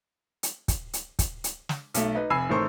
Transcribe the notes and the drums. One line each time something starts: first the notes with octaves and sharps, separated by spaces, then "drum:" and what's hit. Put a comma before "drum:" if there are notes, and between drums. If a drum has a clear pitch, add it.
drum: hi-hat
drum: kick, hi-hat
drum: hi-hat
drum: kick, hi-hat
drum: hi-hat
drum: snare
B1 A3, drum: hi-hat
D#4 B4
F1 G#5 B5 E6 C7
A1 D#3 A3 A#4 C5 C#6